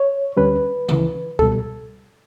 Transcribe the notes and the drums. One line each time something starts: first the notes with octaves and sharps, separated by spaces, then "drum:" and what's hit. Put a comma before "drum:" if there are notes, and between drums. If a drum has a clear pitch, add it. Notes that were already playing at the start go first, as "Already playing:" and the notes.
Already playing: C#5
D2 D3 G3 C#4 B4
C#2 C#3 E3, drum: tom C#3
C#2 B2 G3 A4, drum: kick C#2